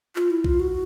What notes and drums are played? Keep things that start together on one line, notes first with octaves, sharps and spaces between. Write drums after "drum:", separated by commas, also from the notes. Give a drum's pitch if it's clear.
F4, drum: clap
E4
F4, drum: kick B1
F#4